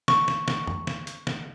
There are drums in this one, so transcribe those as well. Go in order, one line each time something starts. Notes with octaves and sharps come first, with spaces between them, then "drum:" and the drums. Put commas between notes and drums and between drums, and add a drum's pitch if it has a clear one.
C#6, drum: snare
drum: snare
drum: snare
drum: tom F2
drum: snare
drum: hi-hat
drum: snare